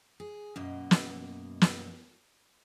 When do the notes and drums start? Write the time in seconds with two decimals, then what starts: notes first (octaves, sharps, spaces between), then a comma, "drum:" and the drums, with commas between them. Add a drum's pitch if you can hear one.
0.20 G#4
0.56 F#2 B2 A#3 D#5
0.91 drum: snare
1.62 drum: snare